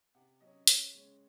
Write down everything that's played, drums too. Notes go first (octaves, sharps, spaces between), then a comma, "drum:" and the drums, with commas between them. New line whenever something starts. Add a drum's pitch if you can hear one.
C3 F#5
F#3 C#4 D#5
C#3 C#5, drum: hi-hat
G#3 C#4